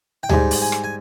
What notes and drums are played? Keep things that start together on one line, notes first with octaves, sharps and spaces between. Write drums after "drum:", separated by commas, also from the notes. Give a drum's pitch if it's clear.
G5
G#2 G3 G#5, drum: tom D2
drum: open hi-hat
G#5
drum: rim click
G#5